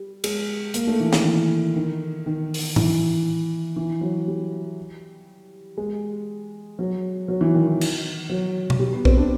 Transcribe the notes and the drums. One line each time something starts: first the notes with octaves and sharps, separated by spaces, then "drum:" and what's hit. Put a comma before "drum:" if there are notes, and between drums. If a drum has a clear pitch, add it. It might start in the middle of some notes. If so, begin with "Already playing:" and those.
Already playing: G3
G#3, drum: cymbal
A#3, drum: hi-hat
A3
E3
D#3, drum: snare
E3
D#3
D#3
drum: open hi-hat
E3, drum: tom A2
E3
F#3
G3
G#3
F#3
F#3
E3
D#3
E3
drum: cymbal
F#3
drum: tom B2
G3
B3
C4, drum: kick
D4